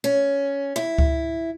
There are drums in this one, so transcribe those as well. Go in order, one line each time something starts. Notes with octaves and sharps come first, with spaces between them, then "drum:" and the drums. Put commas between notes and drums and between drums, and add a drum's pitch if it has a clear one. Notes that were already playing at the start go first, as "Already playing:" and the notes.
C#4
E4, drum: rim click
drum: kick C#2